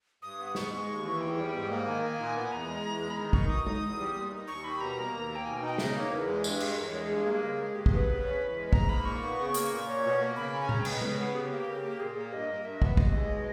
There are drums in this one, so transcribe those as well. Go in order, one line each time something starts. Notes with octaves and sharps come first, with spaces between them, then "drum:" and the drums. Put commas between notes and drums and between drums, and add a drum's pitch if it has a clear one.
G2 D#6
B3
G#2 C#6, drum: snare
G#3
D#2
E3
E2 G5
G3
G#2
A#3
D#3 G#5
A#3
A#2
B3
E2 A#5
G#3
E2
G#3
B5
D#3 A#5
D#4 C#6, drum: kick
B2 D#6
D#4, drum: tom G#3
E2
G3
A#2
D#4
D#2 C#6
G3 B5
B2 A#5
A#3
D#2
A#3
G5
B2 G#5
G5
D#4
G5
C#3 E5, drum: snare
D#5
A#3
C#5
E2 B4
G#3
G2, drum: tambourine
G#3, drum: cymbal
E2 A#4
C#5
G#3
G#4
G2
A#3
C#3
G#3
G2 G4
B3 G#4, drum: kick
B4
C#3
C#4
E2
G#3
G#2 A#5, drum: kick
A#3 B5
A#2 C#6
B3
C#3
A#3, drum: hi-hat
A#2
C#4
B2
A#3
C#3 B5
C#4
G#5
C#3 A#5, drum: tom A#2
G5
B3, drum: cymbal
D#5
C#3 B4, drum: tom G#3
B3 G#4
C#3 G4
A#3
C#3
A#3
A#2 G#4
A#3 G4
G2 D#5
A#3
G2 E5
B3, drum: kick
D#2 D#5, drum: kick
G#3
B2